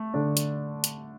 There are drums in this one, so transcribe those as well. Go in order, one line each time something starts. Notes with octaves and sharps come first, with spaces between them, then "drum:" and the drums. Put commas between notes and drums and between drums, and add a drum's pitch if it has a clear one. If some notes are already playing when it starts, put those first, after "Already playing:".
Already playing: A3
D3 A3 D4
drum: hi-hat
drum: hi-hat